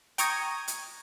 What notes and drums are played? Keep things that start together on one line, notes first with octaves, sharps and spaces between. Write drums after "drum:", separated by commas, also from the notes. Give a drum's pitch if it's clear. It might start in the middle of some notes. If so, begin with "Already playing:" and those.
G5 A#5 C#6 D#6 G#6, drum: hi-hat
drum: hi-hat